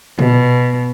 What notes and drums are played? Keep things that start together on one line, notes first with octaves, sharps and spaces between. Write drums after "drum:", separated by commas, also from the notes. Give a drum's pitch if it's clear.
B2, drum: tom A#2